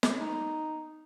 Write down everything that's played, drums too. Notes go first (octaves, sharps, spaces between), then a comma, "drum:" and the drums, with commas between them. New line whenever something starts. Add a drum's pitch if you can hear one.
drum: snare
D#4